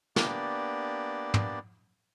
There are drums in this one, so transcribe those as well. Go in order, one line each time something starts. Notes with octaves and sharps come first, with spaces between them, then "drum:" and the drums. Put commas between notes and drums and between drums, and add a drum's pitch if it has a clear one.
A#3 B3 D4 G4 D5, drum: snare
drum: tom